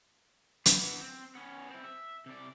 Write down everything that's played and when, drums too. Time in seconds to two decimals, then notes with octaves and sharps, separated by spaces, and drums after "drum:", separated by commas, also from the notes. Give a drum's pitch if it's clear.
0.66 E3 B3, drum: hi-hat
1.01 C4
1.35 B3 C#4
1.70 C4 E4
1.84 E5
2.26 C3 D5